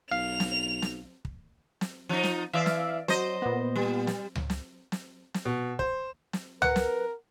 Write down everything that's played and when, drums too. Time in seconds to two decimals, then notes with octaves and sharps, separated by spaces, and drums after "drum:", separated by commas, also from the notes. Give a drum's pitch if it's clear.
0.11 B1 F5 F7
0.40 drum: snare
0.82 drum: snare
1.25 drum: kick
1.81 drum: snare
2.09 F3 D#4
2.24 drum: snare
2.53 E3 D5 E5 F5
2.66 drum: snare
3.08 F#3 C5 D#5, drum: snare
3.42 A#2 B3
3.76 G3
4.07 drum: snare
4.35 drum: tom C#2
4.50 drum: snare
4.92 drum: snare
5.34 drum: snare
5.45 B2
5.79 C5, drum: kick
6.33 drum: snare
6.62 A#4 B4 F#5, drum: tom C#2
6.76 drum: snare